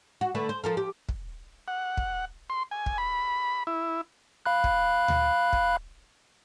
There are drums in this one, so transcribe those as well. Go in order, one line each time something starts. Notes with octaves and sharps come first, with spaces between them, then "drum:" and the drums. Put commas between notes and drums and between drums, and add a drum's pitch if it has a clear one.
F#4
D3 A3 B4
C5
F3 A4 A#4
G4
drum: kick
F#5
drum: kick
C6
G#5
drum: kick
B5
E4
F5 B5 F#6
drum: kick
drum: tom D2
drum: kick